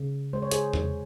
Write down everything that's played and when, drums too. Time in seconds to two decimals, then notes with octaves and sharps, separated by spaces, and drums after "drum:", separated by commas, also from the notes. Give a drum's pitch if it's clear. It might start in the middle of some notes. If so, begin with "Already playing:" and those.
Already playing: C#3
0.33 G#3 C5
0.42 C#5
0.51 G#4 C5, drum: hi-hat
0.73 G#3, drum: tom E2